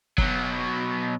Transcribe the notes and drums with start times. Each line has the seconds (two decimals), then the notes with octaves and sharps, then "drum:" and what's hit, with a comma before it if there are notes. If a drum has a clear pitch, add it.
0.18 B2 F#3, drum: kick